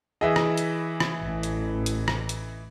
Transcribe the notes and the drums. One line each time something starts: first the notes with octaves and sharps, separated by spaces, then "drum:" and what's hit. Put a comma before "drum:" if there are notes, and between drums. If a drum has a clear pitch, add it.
E3 E4 G#4 D#5 E5
drum: rim click
drum: hi-hat
drum: rim click
A1
drum: hi-hat
drum: hi-hat
drum: rim click
drum: hi-hat